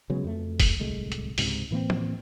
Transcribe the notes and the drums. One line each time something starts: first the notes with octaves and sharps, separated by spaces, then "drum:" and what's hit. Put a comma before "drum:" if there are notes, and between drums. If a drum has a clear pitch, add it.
C#3 F#3 G#3 B3
F2 A3
drum: kick F1, open hi-hat
D1 C2 G#3 A3
drum: hi-hat
C#2 G#2 C3, drum: open hi-hat
A2 E3 A#3 C4
drum: tom